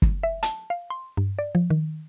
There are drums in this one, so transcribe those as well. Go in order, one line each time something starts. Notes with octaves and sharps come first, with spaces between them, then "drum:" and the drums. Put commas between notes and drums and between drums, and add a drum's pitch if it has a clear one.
drum: kick
E5
A5, drum: hi-hat
F5
C6
G2
D5
F3
D#3